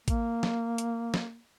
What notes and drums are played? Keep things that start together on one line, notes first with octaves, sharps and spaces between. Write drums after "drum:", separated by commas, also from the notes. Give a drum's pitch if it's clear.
A#3, drum: kick, hi-hat
drum: snare
drum: hi-hat
drum: snare